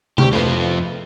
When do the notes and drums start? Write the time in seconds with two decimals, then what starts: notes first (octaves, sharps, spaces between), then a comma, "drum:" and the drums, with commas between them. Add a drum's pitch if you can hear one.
0.18 D2 C3 G4 C#6, drum: tom C3
0.32 F2 A3 F4 B4 C5